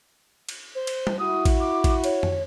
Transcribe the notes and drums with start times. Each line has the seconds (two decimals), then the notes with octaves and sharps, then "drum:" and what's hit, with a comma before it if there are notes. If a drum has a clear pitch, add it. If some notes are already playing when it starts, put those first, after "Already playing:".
0.49 drum: cymbal
0.75 C5
0.87 drum: cymbal
1.07 drum: tom G3
1.19 E4 F#4 D#6
1.45 drum: kick A#1, cymbal
1.60 D6
1.84 drum: kick A#1, cymbal
2.04 C#5, drum: cymbal
2.23 drum: tom F2